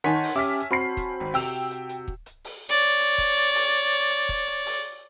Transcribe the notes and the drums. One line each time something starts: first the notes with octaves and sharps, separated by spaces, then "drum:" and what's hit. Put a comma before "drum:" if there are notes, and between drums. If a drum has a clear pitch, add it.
D#3 D#4 C#5 F#5 G#5 A5 C6 B6
drum: open hi-hat
C#4 G4 E5 D6 F6 B6
drum: hi-hat
C4 F#4 B5 C7
drum: kick, hi-hat
G#1
C3 G5 E6 F7, drum: open hi-hat
drum: hi-hat
drum: hi-hat
drum: kick
drum: hi-hat
drum: open hi-hat
C#5 D5
drum: hi-hat
drum: hi-hat
drum: kick, hi-hat
drum: hi-hat
drum: open hi-hat
drum: hi-hat
drum: hi-hat
drum: kick, hi-hat
drum: hi-hat
drum: open hi-hat